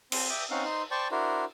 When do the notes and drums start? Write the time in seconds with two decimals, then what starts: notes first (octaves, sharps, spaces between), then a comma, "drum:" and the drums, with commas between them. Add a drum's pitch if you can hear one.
0.12 C4 C6, drum: cymbal
0.30 E5 G5 D6 D#6
0.50 C4 C#4 D#4 F5 F#5
0.64 D#4 C5 C6
0.91 C5 D5 G5 A5 C#6
1.11 D4 E4 F#4 A#4 C5